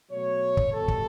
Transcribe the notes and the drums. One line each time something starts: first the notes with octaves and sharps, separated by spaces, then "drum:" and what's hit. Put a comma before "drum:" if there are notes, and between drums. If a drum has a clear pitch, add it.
B2 F#3 A3 C#5
drum: kick
B2 G3 A4
drum: kick